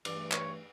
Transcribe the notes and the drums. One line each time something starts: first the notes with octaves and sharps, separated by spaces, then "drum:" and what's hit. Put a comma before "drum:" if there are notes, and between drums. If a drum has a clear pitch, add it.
G2 E3 A3 D5, drum: cymbal
C#5, drum: clap